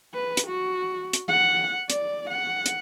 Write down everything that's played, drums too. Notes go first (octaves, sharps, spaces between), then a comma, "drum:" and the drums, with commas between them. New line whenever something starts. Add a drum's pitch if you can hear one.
B4
drum: hi-hat
F#4
drum: hi-hat
F#5
D5, drum: hi-hat
F#5
drum: hi-hat